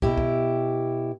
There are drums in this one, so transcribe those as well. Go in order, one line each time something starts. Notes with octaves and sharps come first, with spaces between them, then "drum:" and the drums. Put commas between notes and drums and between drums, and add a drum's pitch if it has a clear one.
B2 E4 G4, drum: kick
drum: kick